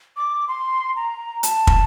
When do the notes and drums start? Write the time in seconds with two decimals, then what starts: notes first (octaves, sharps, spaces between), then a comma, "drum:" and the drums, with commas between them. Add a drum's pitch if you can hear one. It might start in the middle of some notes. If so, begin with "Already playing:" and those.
0.17 D6
0.48 C6
0.96 A#5
1.43 A5, drum: hi-hat
1.67 drum: kick